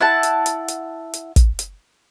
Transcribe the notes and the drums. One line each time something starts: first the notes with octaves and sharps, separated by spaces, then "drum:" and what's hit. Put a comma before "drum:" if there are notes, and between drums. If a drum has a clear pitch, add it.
E4 F#5 A5
drum: hi-hat
drum: hi-hat
drum: hi-hat
drum: hi-hat
drum: kick, hi-hat
drum: hi-hat